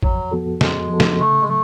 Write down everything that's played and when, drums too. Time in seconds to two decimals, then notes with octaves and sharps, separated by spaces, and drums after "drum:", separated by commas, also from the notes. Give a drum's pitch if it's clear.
0.03 F2 F#3, drum: kick
0.31 F3 B3 F#4 A4
0.61 F2 G#3, drum: snare
0.90 F3 B3 F#4 A4
1.00 drum: snare
1.19 C#3 A3
1.42 G#3
1.49 F#3 A3